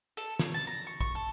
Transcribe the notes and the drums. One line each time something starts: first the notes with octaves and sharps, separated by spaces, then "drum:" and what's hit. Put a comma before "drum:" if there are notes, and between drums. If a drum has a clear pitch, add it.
A4, drum: hi-hat
C#5, drum: snare
A5
A#5
C#6
C#6, drum: kick
A4